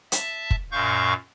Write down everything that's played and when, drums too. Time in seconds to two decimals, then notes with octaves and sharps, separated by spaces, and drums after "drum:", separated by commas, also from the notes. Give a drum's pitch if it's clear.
0.12 E5 A5, drum: hi-hat
0.51 drum: kick
0.72 F#2 A#2 F5 C#6 G6